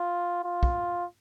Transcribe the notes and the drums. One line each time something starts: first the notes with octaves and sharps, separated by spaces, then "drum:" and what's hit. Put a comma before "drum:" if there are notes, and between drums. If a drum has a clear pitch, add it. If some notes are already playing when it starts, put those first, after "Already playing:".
Already playing: F4
F4
drum: kick